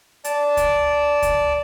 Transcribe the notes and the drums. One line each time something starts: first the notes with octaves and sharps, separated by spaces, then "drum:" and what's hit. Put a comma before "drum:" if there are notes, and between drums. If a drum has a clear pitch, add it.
D5 A5, drum: hi-hat
drum: kick C#2, hi-hat
drum: kick C#2, hi-hat